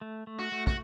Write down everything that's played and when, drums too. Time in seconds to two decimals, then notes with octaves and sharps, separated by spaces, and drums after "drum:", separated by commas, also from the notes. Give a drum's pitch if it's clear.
0.01 A3
0.27 A3
0.39 F#4
0.52 A3
0.67 F#4, drum: kick